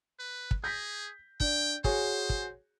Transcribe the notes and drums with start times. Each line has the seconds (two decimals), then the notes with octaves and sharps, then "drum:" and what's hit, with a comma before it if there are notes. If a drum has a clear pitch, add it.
0.19 B4
0.51 drum: kick
0.64 G#4 G6 A#6 B6
1.40 D4 G5, drum: kick
1.84 F#4 G#4 C5 C#5, drum: kick
2.30 drum: kick